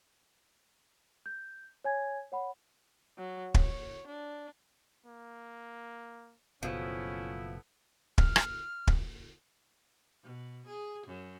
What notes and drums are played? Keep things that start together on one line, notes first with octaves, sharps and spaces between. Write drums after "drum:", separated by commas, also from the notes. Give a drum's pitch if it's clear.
G6
C#5 G#5 G#6
C#5 F#5 B5
F#3
C#5, drum: kick
D4
A#3
F#1 B2 F3 A3 B3 C#4 E4
F6, drum: kick
drum: rim click
drum: kick
B2
G#4
F#2